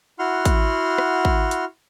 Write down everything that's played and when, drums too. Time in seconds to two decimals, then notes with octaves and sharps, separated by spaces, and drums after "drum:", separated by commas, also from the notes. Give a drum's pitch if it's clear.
0.19 E4 F#4 F#5 C6 F6
0.45 drum: kick, hi-hat
0.98 drum: rim click
1.25 drum: kick
1.51 drum: hi-hat